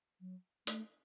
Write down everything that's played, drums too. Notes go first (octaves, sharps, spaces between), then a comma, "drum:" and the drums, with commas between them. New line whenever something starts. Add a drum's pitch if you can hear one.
F#3
A3, drum: hi-hat